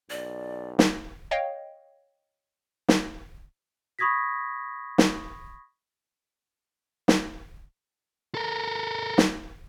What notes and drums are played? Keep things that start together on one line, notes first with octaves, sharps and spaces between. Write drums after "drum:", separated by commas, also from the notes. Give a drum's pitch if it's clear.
B1 D5
drum: snare
C#5 D#5 F5 G5
drum: snare
B5 C#6 D#6 G#6 A#6 B6
drum: snare
drum: snare
A4 A#4
drum: snare